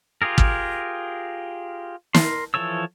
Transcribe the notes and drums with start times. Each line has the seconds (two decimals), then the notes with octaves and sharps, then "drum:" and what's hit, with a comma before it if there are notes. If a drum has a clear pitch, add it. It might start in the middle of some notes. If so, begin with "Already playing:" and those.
0.22 F4 G4 G#4 A#4
0.38 drum: kick
2.15 A#4 C6, drum: snare
2.54 E3 F3 A4 C#5 E6